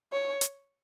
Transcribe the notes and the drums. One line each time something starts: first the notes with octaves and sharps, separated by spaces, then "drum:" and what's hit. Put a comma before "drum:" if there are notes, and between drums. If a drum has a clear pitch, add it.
C#5
drum: hi-hat